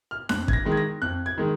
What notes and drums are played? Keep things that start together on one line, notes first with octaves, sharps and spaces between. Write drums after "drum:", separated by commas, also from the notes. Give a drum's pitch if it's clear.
F6
F2 F#6, drum: snare D4
G#6, drum: kick
A#6
D#3 G#3
G#6
A#6
F2 F#6
G#6
D#3 G#3